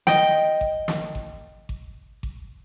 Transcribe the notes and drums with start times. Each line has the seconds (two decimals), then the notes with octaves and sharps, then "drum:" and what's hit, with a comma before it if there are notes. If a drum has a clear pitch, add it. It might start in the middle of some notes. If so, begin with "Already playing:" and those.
0.07 D#5 G5, drum: snare
0.61 drum: kick G#1
0.88 drum: snare
1.15 drum: kick G#1
1.69 drum: kick G#1
2.23 drum: kick G#1